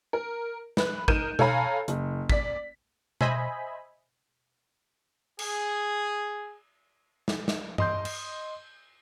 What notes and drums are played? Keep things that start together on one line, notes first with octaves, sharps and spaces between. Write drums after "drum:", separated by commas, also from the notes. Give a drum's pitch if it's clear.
A#4
B4 F#6, drum: snare
D#4 A#4 G6 D#7 E7, drum: kick G#1
A4 C#5 F5 G#5 A#5 B5, drum: tom B2
F#1, drum: hi-hat
D5 B6, drum: kick G#1
C5 D#5 E5 G#5 B5, drum: tom B2
G#4, drum: cymbal
drum: snare
drum: snare
D#5 C6 G6, drum: tom G2
drum: cymbal